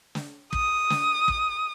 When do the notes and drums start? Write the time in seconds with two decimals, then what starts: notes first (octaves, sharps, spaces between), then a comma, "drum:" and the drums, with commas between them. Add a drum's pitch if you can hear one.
0.15 drum: snare
0.53 D#6, drum: kick
0.90 drum: snare
1.28 drum: kick